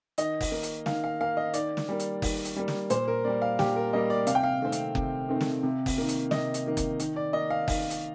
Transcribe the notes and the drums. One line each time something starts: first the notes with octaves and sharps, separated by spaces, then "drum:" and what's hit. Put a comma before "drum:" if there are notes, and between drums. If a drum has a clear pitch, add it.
D#3 D#5, drum: hi-hat
drum: kick F#1, open hi-hat
A#3
drum: hi-hat
D#3 F5, drum: snare
F5
A#3 F5
D#5
D#3 D5, drum: hi-hat
drum: snare
G3 A#3
drum: hi-hat
D#3, drum: kick F#1, open hi-hat
drum: hi-hat
G3 A#3
drum: snare
A#2 C5, drum: hi-hat
A#4
G3 A#3 D5
F5
A#2 G4, drum: snare
A#4
G3 A#3 D#5
D5
C3 F5, drum: hi-hat
G5
F5
D#3 A3 C4
drum: hi-hat
C3, drum: kick F#1
D#3 A3 C4
drum: snare
C3
drum: kick F#1, open hi-hat
D#3 A#3
drum: hi-hat
C3 D#5, drum: snare
drum: hi-hat
D#3 A#3
drum: kick F#1, hi-hat
D#3, drum: hi-hat
D5
A#3 D#5
F5
D#3 F5, drum: kick F#1, open hi-hat
drum: hi-hat